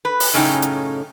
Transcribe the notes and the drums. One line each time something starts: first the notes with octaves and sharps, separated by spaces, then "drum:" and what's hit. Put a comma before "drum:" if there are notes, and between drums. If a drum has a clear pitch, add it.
B4
drum: open hi-hat
F#2 A2 C#3 C#4 D#4 G5
drum: hi-hat